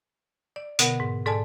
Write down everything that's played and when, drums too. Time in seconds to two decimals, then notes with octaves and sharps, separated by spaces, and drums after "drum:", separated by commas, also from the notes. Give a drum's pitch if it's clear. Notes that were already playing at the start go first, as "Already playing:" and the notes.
0.56 D5
0.79 B2 D3 B3 A#4 F#5, drum: hi-hat
1.00 G#2
1.26 G#2 A4 D5 G#5 A5